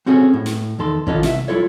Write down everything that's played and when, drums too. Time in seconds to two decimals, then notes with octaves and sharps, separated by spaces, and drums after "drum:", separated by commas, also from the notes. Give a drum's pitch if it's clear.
0.06 C4 C#4 F#4 G#4 A4 C#5
0.33 A2
0.46 drum: snare
0.79 E2 D#3 A4 C6
1.07 D#3 E3 C#4 F4 A4 D#5, drum: kick
1.23 C2 E5, drum: snare
1.48 G3 E4 F4 A4 C#5